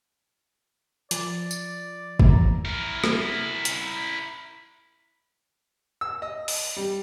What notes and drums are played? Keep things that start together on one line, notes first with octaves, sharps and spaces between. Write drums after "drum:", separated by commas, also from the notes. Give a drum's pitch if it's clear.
F3 D5, drum: hi-hat
drum: tambourine
drum: kick G1
E2 A#5
E4 A#4
drum: rim click
drum: hi-hat
E6
D#5
drum: open hi-hat
G3